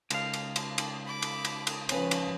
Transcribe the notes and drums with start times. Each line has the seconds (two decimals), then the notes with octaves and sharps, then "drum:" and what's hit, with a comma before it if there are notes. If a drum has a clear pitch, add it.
0.10 C#2 F5, drum: cymbal
0.34 drum: cymbal
0.56 drum: cymbal
0.78 drum: cymbal
1.05 B5 D6
1.22 drum: cymbal
1.45 drum: cymbal
1.67 drum: cymbal
1.89 F3 C#4 B4, drum: cymbal
2.11 drum: cymbal